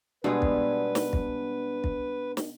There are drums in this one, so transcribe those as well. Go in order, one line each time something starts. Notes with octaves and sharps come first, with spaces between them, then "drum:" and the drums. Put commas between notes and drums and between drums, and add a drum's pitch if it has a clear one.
B2 G3 G#3 B3 D4 B4
drum: kick
drum: snare
drum: kick
drum: kick
drum: snare